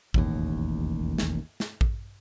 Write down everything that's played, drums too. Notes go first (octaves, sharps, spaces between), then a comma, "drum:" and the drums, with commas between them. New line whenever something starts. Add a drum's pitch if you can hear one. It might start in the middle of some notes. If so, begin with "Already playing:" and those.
E1 A1 D#2, drum: kick A1
drum: snare
drum: snare
drum: kick A1